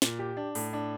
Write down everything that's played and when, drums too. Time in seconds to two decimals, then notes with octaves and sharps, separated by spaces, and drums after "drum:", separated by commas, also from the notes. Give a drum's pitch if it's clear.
0.02 A#2, drum: snare
0.19 G4
0.37 D4
0.55 A2, drum: open hi-hat
0.73 D4